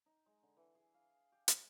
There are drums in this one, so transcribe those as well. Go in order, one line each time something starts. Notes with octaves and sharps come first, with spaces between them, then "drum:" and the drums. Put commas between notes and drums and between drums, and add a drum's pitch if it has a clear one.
D#4
G#3
D3
E3
G#4
F5
G4
G#3, drum: hi-hat